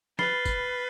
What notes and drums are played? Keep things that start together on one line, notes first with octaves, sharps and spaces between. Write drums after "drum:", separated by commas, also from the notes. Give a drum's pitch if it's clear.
B4 B5 F6 A6 C7 G7, drum: snare
drum: kick, tambourine